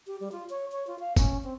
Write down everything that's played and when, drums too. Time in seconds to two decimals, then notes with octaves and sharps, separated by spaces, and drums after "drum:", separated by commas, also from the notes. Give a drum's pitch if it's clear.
0.07 G4
0.20 G3
0.32 F4
0.50 C#5
0.72 C#5
0.87 F4
1.00 F5
1.16 C#4, drum: kick, tambourine
1.44 C4